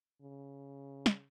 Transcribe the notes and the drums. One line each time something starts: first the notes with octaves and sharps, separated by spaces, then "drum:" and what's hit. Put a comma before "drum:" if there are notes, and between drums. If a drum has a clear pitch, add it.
C#3
drum: snare